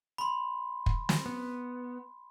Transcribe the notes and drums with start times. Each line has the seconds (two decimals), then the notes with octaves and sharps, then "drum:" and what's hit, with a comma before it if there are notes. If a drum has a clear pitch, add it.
0.18 B5 C6
0.86 drum: kick
1.09 drum: snare
1.26 B3